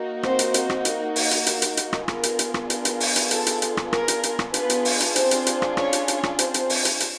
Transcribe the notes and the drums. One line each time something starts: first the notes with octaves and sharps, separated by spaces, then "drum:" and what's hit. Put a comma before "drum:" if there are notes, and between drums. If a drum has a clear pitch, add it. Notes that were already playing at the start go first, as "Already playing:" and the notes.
Already playing: A#3 D#4 F#4
C4 C5, drum: rim click
drum: hi-hat
drum: hi-hat
drum: rim click
drum: hi-hat
drum: open hi-hat
drum: hi-hat
drum: hi-hat
drum: hi-hat
drum: hi-hat
drum: rim click
B3 D4 F4 G#4 A#4, drum: rim click
drum: hi-hat
drum: hi-hat
drum: rim click
A#4, drum: hi-hat
drum: hi-hat
drum: open hi-hat
drum: hi-hat
A4, drum: hi-hat
drum: hi-hat
drum: hi-hat
drum: rim click
A#4, drum: rim click
drum: hi-hat
drum: hi-hat
drum: rim click
B3 D4 F4 G#4 B4, drum: hi-hat
drum: hi-hat
drum: open hi-hat
drum: hi-hat
C4 C5, drum: hi-hat
drum: hi-hat
drum: hi-hat
drum: rim click
C#4 C#5, drum: rim click
drum: hi-hat
drum: hi-hat
drum: rim click
C4 C5, drum: hi-hat
drum: hi-hat
drum: open hi-hat
drum: hi-hat
drum: hi-hat